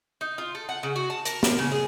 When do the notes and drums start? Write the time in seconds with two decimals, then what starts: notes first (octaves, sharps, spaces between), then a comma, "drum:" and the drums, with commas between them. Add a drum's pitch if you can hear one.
0.21 D#4
0.38 F4
0.55 A4
0.69 F#5
0.83 C#3
0.96 F#4
1.10 A5
1.25 A#4, drum: hi-hat
1.43 A#4, drum: snare
1.59 C#3
1.72 G#4